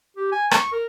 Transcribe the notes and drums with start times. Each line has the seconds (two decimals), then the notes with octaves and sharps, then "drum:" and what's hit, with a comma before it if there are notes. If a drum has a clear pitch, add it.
0.17 G4
0.32 G#5
0.51 C#6, drum: rim click
0.73 A#4